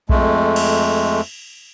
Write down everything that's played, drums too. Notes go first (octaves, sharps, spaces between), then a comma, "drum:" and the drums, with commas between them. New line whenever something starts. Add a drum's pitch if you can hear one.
F2 G#3 A3, drum: kick A#1
drum: cymbal